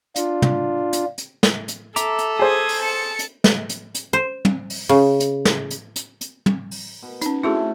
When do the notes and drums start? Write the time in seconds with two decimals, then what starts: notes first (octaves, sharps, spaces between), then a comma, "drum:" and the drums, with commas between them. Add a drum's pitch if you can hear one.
0.16 D4 F4, drum: hi-hat
0.42 drum: tom
0.93 drum: hi-hat
1.18 drum: hi-hat
1.43 drum: snare
1.68 drum: hi-hat
1.96 A4 E5 A#5 D6, drum: hi-hat
2.18 drum: hi-hat
2.39 G#4 C5 D#6 G#6
2.69 drum: open hi-hat
2.81 A5 C#7
3.19 drum: hi-hat
3.44 drum: snare
3.69 drum: hi-hat
3.94 drum: hi-hat
4.13 C5
4.45 drum: tom
4.70 drum: open hi-hat
4.89 C#3
5.20 drum: hi-hat
5.45 drum: snare
5.71 drum: hi-hat
5.96 drum: hi-hat
6.21 drum: hi-hat
6.46 drum: tom
6.71 drum: open hi-hat
7.02 B2
7.22 C#4 D#4, drum: hi-hat
7.43 A3 C4 C#4 E4 F#4 G#4